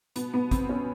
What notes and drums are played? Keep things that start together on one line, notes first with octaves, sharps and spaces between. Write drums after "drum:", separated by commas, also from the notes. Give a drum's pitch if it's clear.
B2 B3, drum: hi-hat
B2 B3
B2 C4, drum: kick, hi-hat
B2 C#4